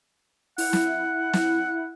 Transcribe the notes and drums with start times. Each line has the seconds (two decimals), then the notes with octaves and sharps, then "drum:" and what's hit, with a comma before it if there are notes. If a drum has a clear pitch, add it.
0.58 E4 F#5, drum: open hi-hat
0.73 drum: snare
1.33 drum: snare